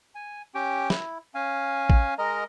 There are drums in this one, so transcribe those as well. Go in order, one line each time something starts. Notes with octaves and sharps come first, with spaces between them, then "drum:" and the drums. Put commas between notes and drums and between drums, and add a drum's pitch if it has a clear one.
G#5
C#4 G4 G5
E4, drum: snare
C#4 F5 G#5
drum: kick
G#3 A#4 D#5 A#5